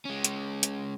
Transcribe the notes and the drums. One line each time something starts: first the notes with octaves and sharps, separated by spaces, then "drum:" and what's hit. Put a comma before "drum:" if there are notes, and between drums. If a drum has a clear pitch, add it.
G#3 C#4
drum: hi-hat
drum: hi-hat